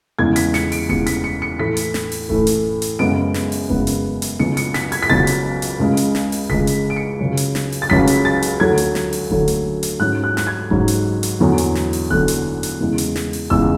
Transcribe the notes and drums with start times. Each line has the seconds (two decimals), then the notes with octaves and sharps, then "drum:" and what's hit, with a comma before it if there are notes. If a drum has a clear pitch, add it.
0.19 E2 C#3 E3 G#3 G#6
0.36 B6, drum: hi-hat
0.54 C#7, drum: snare
0.72 D7, drum: open hi-hat
0.89 E2 C#3 E3 G#3 C#7, drum: kick D#1
1.07 B6, drum: hi-hat
1.24 C#7
1.42 C#7
1.59 A2 E3 A3 B6
1.77 drum: hi-hat
1.94 drum: snare
2.12 drum: open hi-hat
2.29 A2 E3 A3, drum: kick D#1
2.47 drum: hi-hat
2.82 drum: hi-hat
2.99 F#2 C#3 G#3 B3 D7
3.34 drum: snare
3.52 drum: open hi-hat
3.69 F#2 C#3 G#3 B3, drum: kick D#1
3.87 drum: hi-hat
4.22 drum: hi-hat
4.39 C#2 B2 F#3 C#7
4.57 C#7, drum: hi-hat
4.74 B6, drum: snare
4.92 G#6, drum: open hi-hat
5.03 B6
5.09 C#2 B2 F#3 A6, drum: kick D#1
5.27 drum: hi-hat
5.62 drum: hi-hat
5.79 C#2 C#3 G#3
5.97 drum: hi-hat
6.15 drum: snare
6.32 drum: open hi-hat
6.50 C#2 C#3 G#3 B6, drum: kick D#1
6.67 drum: hi-hat
6.90 D7
6.96 C#7
7.20 C#2 C#3 F#3 C#4
7.37 drum: hi-hat
7.55 drum: snare
7.72 drum: open hi-hat
7.82 A6
7.90 C#2 C#3 F#3 C#4 B6, drum: kick D#1
8.07 drum: hi-hat
8.25 A6
8.42 drum: hi-hat
8.60 D2 D3 F#3 A3 G#6
8.78 drum: hi-hat
8.95 drum: snare
9.13 drum: open hi-hat
9.31 D2 D3 F#3 A3, drum: kick D#1
9.48 drum: hi-hat
9.83 drum: hi-hat
10.00 G#2 F#3 C#4 F#6
10.24 F#6
10.37 F#6, drum: snare
10.47 G#6
10.70 G#2 F#3 C#4, drum: kick D#1
10.88 drum: hi-hat
11.23 drum: hi-hat
11.40 E2 D3 F#3
11.58 drum: hi-hat
11.75 drum: snare
11.93 drum: open hi-hat
12.10 E2 D3 F#3 F#6, drum: kick D#1
12.28 drum: hi-hat
12.63 drum: hi-hat
12.81 E2 C#3 E3 G#3
12.98 drum: hi-hat
13.16 drum: snare
13.33 drum: open hi-hat
13.50 E2 C#3 E3 G#3 E6, drum: kick D#1